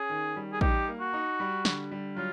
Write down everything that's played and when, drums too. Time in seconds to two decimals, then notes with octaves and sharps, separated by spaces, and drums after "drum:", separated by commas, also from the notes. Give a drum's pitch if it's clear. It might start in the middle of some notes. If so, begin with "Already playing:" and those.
Already playing: C#4 G#4
0.10 D#3
0.36 G3
0.52 G#4
0.61 D#4 G4, drum: kick
0.88 A#3
1.00 F#4
1.13 D#4
1.40 G3
1.65 D3, drum: snare
1.91 G3
2.16 F#3 F4